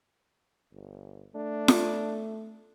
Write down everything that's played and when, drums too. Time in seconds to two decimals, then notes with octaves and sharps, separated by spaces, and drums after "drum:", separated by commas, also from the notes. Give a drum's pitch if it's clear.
0.72 G1
1.35 A3 D4
1.68 drum: snare F4